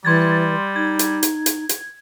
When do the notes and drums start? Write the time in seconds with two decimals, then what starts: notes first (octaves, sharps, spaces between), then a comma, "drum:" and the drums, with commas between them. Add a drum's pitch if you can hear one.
0.05 E3 G3 C6 G#6 A6
0.76 D#4 G#6
0.99 drum: hi-hat
1.23 drum: hi-hat
1.46 drum: hi-hat
1.69 drum: hi-hat